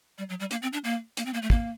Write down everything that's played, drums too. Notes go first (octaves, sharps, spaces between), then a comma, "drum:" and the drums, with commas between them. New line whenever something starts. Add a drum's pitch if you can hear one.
G3
F#3
G3
A#3, drum: hi-hat
C4
D4
A#3
A#3, drum: hi-hat
C4
A#3
A3
A#3, drum: kick